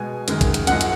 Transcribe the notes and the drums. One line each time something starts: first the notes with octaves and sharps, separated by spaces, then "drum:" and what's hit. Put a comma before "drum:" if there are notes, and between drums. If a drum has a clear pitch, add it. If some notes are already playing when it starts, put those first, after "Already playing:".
Already playing: B2 G#3 G#5
F#2 D#3 G#3, drum: hi-hat
drum: kick, hi-hat
drum: hi-hat
F#2 F3 G#3 F#5, drum: hi-hat
drum: hi-hat